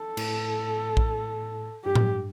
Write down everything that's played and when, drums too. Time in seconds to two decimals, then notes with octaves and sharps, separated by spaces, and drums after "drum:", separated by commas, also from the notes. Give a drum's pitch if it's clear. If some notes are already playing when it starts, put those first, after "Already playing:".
Already playing: A4
0.17 A2, drum: cymbal
0.97 drum: kick A#1
1.85 G2 G4
1.95 drum: tom A2